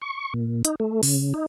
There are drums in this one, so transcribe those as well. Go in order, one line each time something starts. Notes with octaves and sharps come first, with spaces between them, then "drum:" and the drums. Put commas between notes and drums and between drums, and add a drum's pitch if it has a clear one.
C#6
A#2
D#4, drum: hi-hat
A3
C#3, drum: open hi-hat
D#4